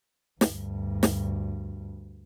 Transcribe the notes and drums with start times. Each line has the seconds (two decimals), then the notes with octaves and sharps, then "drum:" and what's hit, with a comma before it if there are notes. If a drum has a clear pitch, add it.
0.41 D2 G2, drum: snare
1.03 drum: snare